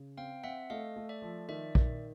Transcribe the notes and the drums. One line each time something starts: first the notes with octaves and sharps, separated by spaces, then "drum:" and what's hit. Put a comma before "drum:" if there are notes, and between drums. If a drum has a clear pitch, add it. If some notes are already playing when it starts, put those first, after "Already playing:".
Already playing: C#3
C4 F5 G5
C4 E5 F#5
A3 D#5 F5
A3
D5 E5
F3
D#3 D5 E5
D#3, drum: kick